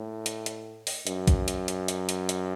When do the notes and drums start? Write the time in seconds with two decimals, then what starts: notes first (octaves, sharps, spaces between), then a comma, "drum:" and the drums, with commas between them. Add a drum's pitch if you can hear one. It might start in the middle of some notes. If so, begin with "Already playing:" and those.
Already playing: A2
0.26 drum: hi-hat
0.46 drum: hi-hat
0.87 drum: open hi-hat
1.07 F#2, drum: hi-hat
1.27 drum: kick, hi-hat
1.48 drum: hi-hat
1.68 drum: hi-hat
1.88 drum: hi-hat
2.09 drum: hi-hat
2.29 drum: hi-hat